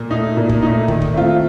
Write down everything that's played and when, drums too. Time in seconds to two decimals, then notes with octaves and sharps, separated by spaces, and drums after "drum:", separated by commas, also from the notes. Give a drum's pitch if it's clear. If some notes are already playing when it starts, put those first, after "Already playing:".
Already playing: A#2
0.10 A3 D#4
0.37 A#2
0.49 drum: kick
0.63 A3 D#4
0.88 D#3, drum: kick
1.02 drum: kick
1.14 A3 C4 F4